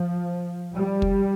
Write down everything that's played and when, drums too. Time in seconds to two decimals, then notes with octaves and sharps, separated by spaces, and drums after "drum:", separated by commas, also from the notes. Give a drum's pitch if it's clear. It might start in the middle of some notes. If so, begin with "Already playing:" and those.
Already playing: F3
0.77 G3
1.02 drum: kick